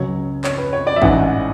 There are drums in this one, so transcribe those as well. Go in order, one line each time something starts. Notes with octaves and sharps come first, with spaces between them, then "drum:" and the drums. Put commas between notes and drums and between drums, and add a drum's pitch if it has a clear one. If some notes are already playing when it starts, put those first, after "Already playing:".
Already playing: C#2 C#3 F#3 C#5
C#5, drum: clap
B4
C#5
D5
E5
A1 G#2 E3 F#5, drum: kick G#1